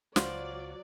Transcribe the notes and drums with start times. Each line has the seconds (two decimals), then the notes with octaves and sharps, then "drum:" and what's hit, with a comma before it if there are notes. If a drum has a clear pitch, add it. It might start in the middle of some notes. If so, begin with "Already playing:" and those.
0.16 C#2 F#3 F4 F#4 C5 D5, drum: snare